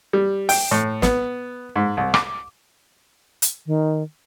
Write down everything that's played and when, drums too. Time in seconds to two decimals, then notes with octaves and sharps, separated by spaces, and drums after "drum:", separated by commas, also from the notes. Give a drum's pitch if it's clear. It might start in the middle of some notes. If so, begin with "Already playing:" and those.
0.13 G3
0.49 G5, drum: open hi-hat
0.71 A2
1.02 B3, drum: snare
1.76 G#2
1.97 C2
2.14 D6, drum: rim click
3.42 drum: hi-hat
3.66 D#3